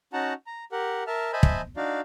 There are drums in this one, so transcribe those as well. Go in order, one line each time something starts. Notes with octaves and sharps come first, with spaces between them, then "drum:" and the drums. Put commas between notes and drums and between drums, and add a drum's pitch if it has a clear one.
C#4 D#4 F#4 F#5 A5 A#5
A#5
G4 A#4 F#5
A#4 E5 A5 F6
C5 D#5 E5 G#5 A5 B5
drum: kick
D4 D#4 F#4 D5 F5